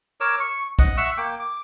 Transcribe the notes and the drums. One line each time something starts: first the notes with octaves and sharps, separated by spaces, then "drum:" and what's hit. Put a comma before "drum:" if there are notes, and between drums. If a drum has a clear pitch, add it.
A#4 C#5 D6 E6
C#6
D#5 F#5, drum: kick A#1
E5 F#5 C#6 E6
A#3 G5 D6
D6